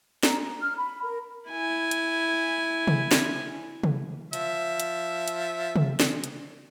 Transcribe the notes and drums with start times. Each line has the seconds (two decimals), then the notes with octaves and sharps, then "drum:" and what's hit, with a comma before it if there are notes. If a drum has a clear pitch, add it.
0.23 A#5, drum: snare
0.61 F6
0.77 B5
1.04 A#4
1.50 E4 G#5
1.91 drum: hi-hat
2.87 drum: tom C3
3.11 drum: snare
3.84 drum: tom C3
4.33 F3 E5, drum: hi-hat
4.80 drum: hi-hat
5.28 drum: hi-hat
5.76 drum: tom C3
6.00 drum: snare
6.24 drum: hi-hat